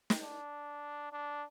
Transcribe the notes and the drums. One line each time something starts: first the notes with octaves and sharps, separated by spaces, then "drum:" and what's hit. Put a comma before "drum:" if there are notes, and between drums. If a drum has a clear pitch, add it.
drum: snare
D4
D4